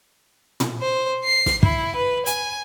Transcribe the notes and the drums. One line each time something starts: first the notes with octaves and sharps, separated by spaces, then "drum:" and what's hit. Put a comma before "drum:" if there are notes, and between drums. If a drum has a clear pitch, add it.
drum: tom
C5
C7
drum: snare
E4, drum: kick
B4
G#5, drum: hi-hat